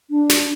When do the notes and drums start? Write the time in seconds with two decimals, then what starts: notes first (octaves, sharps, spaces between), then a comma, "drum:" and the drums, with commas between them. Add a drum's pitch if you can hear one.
0.10 D4
0.30 drum: snare